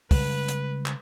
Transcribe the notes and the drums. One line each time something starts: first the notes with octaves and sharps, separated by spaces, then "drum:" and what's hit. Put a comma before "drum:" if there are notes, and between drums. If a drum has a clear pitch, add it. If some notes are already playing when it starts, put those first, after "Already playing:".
C#3 G3 G#3 B4, drum: kick, open hi-hat
drum: hi-hat
drum: clap